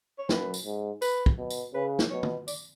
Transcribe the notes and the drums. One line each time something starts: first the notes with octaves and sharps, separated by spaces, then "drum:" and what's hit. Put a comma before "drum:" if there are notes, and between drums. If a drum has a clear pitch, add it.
C#5
F#2 B4, drum: snare
drum: tambourine
G#2
B4, drum: tambourine
drum: kick
B2
drum: tambourine
C#3 B4
drum: snare
B2 C#5
drum: tom
D5, drum: tambourine